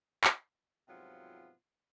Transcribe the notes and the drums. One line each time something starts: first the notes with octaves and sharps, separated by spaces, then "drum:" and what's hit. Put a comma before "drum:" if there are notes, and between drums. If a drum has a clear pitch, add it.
drum: clap
G#2 C3 F3 F#3 B3 F4